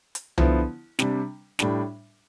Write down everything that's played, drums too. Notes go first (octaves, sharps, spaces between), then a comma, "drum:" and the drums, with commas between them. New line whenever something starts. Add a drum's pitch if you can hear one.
drum: hi-hat
D3 F3 B3 E4, drum: tom C2
C3 G3 D4, drum: snare
A2 G3 D4, drum: snare